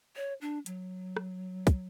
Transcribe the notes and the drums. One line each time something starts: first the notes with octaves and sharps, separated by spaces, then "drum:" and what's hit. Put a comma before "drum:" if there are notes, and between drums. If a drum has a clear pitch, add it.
C#5
D4
F#3, drum: hi-hat
drum: rim click
drum: kick, hi-hat